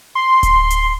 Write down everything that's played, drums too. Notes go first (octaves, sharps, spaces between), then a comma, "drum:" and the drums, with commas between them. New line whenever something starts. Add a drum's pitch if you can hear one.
C6
drum: kick D1, hi-hat
drum: hi-hat